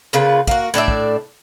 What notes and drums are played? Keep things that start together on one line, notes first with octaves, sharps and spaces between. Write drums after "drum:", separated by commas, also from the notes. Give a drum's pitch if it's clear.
A#2 C#3 F4 B4
A#3 F#4, drum: kick
A2 D4 D5 E5
drum: kick